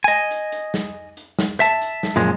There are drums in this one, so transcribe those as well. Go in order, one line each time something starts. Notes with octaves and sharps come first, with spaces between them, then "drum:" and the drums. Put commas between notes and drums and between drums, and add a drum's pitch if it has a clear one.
D#5 G#5
drum: hi-hat
drum: hi-hat
drum: snare
drum: hi-hat
drum: snare
E5 A5, drum: hi-hat
drum: hi-hat
drum: snare
F#2 A#2 F3 G#3